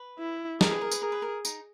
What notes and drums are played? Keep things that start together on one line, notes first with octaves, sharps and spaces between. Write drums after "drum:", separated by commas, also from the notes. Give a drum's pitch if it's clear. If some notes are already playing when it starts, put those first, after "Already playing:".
Already playing: B4
E4
G#4 A#4, drum: snare
B4
A#4
B4, drum: tambourine
G#4 A#4
B4
A#4
D#4, drum: tambourine